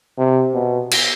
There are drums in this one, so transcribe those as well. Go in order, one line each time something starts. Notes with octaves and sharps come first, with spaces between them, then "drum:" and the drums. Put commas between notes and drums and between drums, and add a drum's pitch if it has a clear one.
C3
B2
drum: cymbal